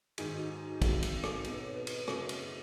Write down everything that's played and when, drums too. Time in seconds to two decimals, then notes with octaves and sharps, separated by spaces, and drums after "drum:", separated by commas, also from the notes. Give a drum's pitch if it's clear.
0.18 G#2 D#3 G#3 D#4 G#4, drum: cymbal
0.34 F#4
0.50 D#4
0.66 F#4
0.82 G#1 F#2 D#3 G#3 F#4, drum: kick, cymbal
1.03 drum: cymbal
1.24 drum: rim click
1.44 B2 B3 D#4 G#4, drum: cymbal
1.53 B4
1.61 C#5
1.76 B4
1.87 drum: cymbal
2.08 F#1 F#2 C#3 F#3, drum: rim click
2.29 drum: cymbal
2.40 G#4